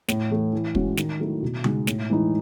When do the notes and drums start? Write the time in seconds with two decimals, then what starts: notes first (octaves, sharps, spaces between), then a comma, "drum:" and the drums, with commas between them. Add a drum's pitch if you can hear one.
0.08 A2, drum: snare
0.30 E3 A3
0.53 E3
0.75 G#3 C#4 F#4, drum: kick
0.97 D#3, drum: snare
1.20 F#3 A3 E4
1.42 B2
1.64 G#3 D#4 F#4, drum: tom C#3
1.87 A2, drum: snare
2.10 E3 G#3 D#4